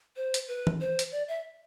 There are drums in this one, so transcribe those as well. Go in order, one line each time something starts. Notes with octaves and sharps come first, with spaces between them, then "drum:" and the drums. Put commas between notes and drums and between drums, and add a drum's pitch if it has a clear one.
C5
drum: hi-hat
B4
drum: tom E3
C5
drum: hi-hat
D5
E5